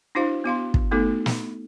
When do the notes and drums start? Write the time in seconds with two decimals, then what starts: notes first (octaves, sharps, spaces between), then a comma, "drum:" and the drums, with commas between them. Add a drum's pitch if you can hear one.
0.15 D4 E4 F#4 C5 F5
0.44 B3 F#4 F5 C6
0.74 drum: kick
0.91 A3 B3 D#4 F#4 A4
1.26 drum: snare